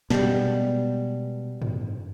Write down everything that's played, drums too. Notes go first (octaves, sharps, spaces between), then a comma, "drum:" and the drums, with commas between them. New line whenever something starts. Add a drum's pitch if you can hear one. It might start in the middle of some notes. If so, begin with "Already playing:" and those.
B2 G3 G#3 B3 A5, drum: snare
drum: tom